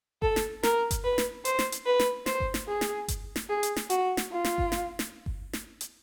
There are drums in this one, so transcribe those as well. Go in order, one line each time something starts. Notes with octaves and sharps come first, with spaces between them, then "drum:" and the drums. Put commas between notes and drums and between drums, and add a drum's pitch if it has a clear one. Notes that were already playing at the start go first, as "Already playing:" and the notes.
A4, drum: kick G1
drum: snare
A#4, drum: snare
drum: kick G1, hi-hat
B4
drum: snare
C5, drum: hi-hat
drum: snare
drum: hi-hat
B4
drum: snare
C5, drum: snare
drum: kick G1
drum: snare
G#4
drum: snare
drum: kick G1, hi-hat
drum: snare
G#4
drum: hi-hat
drum: snare
F#4, drum: hi-hat
drum: snare
F4
drum: snare
drum: kick G1
drum: snare
drum: snare
drum: kick G1
drum: snare
drum: hi-hat